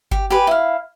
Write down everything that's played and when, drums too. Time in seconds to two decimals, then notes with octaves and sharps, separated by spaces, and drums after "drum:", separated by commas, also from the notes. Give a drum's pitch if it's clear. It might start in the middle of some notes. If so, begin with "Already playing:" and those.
0.11 G4, drum: kick G1
0.30 G4 G#4 B4
0.47 E4 F5